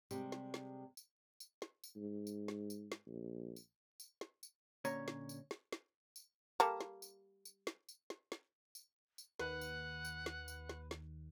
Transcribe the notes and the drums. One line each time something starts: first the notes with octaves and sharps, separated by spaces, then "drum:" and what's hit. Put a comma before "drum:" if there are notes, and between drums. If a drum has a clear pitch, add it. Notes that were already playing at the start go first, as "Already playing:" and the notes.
C3 G3 G#3, drum: tambourine
drum: snare
drum: snare
drum: tambourine
drum: tambourine
drum: snare
drum: tambourine
G#2
drum: tambourine
drum: snare
drum: tambourine
drum: snare
A#1
drum: tambourine
drum: tambourine
drum: snare
drum: tambourine
A#2 D3 C#4 C#5 A#5, drum: tambourine
drum: snare
drum: tambourine
drum: snare
drum: snare
drum: tambourine
G3 A#3 A4, drum: tambourine
drum: snare
drum: tambourine
drum: tambourine
drum: snare
drum: tambourine
drum: snare
drum: snare
drum: tambourine
drum: tambourine
D#2 B4 F#5, drum: snare
drum: tambourine
drum: tambourine
drum: snare
drum: tambourine
drum: snare
drum: snare